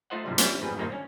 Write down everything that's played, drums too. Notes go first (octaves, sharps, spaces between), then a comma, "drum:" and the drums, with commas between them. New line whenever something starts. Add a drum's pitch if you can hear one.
A3 D#4 F4 C5 D#5 F#5
B1 G2 C3 E3 F3 G3
F3 G3 C4 C#4 E4, drum: hi-hat
A1 F2 G#2 G3 G#4 B4
G2 A#2 D#3 A#3 C4 D#4
C#4